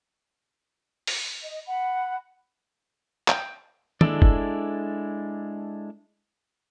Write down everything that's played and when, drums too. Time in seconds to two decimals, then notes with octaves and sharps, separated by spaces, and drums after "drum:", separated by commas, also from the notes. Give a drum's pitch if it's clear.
1.07 drum: open hi-hat
1.42 D#5
1.66 F#5 B5
3.28 G5, drum: clap
4.01 G#3 D4 E4 A4 D5, drum: tom
4.22 drum: kick F#1